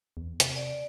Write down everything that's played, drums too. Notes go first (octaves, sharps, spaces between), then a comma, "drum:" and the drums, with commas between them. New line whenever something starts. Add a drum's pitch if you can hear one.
E2
C3, drum: hi-hat
D5